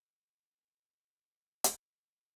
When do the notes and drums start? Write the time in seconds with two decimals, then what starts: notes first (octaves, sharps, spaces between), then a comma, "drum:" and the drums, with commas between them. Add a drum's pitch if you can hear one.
0.21 F#4 C5 D#5
0.55 C4 A#4 D5 G#5
1.64 drum: hi-hat